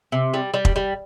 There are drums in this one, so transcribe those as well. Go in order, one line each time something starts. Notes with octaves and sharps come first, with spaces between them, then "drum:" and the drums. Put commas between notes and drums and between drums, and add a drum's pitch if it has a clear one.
C3
G3
G3
drum: kick
G3